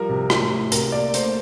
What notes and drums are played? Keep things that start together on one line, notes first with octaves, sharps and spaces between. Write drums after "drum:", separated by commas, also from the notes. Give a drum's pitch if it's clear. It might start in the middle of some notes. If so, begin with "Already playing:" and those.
Already playing: F3 G3 A#4
C3
A2, drum: rim click
A2
C3 A#4, drum: hi-hat
A#3 D5
A3 C5, drum: hi-hat